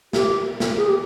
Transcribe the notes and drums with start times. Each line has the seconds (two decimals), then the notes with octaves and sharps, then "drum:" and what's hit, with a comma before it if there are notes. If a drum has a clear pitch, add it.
0.13 G4, drum: snare
0.60 drum: snare
0.77 G#4
0.86 G4